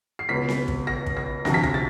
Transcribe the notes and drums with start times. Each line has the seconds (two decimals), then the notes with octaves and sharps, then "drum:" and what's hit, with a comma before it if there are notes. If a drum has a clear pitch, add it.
0.19 C7
0.29 C#2 B2 B6
0.49 drum: snare C4
0.68 drum: kick
0.87 A#6
1.06 drum: kick
1.17 A#6
1.45 D2 C3 F3 A#6, drum: snare C4
1.54 B6
1.64 A#6, drum: kick
1.74 A6